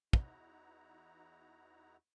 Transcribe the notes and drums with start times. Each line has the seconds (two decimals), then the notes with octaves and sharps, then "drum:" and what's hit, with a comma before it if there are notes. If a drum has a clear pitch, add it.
0.13 E2 D#4 E4 F#4 A#5, drum: kick